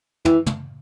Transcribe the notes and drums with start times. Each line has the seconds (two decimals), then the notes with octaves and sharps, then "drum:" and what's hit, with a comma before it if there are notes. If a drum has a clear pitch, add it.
0.25 E3, drum: tom
0.46 drum: tom